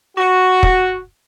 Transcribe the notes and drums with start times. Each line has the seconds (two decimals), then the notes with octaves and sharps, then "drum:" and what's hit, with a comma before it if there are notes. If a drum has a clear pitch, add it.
0.18 F#4
0.63 drum: kick